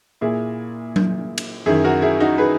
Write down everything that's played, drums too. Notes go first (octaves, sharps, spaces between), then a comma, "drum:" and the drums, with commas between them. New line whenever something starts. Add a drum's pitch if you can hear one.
A#2 E4 G#4
drum: tom F#3
drum: cymbal
F#2 D#3 E4 G#4
F#4 A#4
E4 G#4
D#4 F#4
G#4 B4